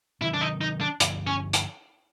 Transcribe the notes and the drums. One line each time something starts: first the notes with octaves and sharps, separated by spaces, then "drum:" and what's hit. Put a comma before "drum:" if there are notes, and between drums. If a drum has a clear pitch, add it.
C3 D#3 F#3 E4
D4
D#4
D#4
D4
G2 D3 F3, drum: hi-hat
C#4
drum: hi-hat